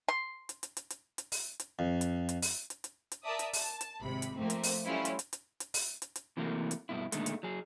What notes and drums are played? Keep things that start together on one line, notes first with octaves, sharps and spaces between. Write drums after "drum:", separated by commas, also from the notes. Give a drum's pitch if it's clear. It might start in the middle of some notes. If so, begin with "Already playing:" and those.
C6
drum: hi-hat
drum: hi-hat
drum: hi-hat
drum: hi-hat
drum: hi-hat
drum: open hi-hat
drum: hi-hat
F2
drum: hi-hat
drum: hi-hat
drum: open hi-hat
drum: hi-hat
drum: hi-hat
drum: hi-hat
A#4 D5 E5 A5 D#6
drum: hi-hat
A5, drum: open hi-hat
drum: hi-hat
G#1 C3 B5
drum: hi-hat
F3 A3 A#3 C4
drum: hi-hat
drum: open hi-hat
F#3 G3 A3 C#4 E4 F4
drum: hi-hat
drum: hi-hat
drum: hi-hat
drum: hi-hat
drum: open hi-hat
drum: hi-hat
drum: hi-hat
C3 E3 F#3 A3 A#3
drum: hi-hat
G2 B2 E4
A#2 D3 D#3 G#3 A3, drum: hi-hat
drum: hi-hat
F#3 G#4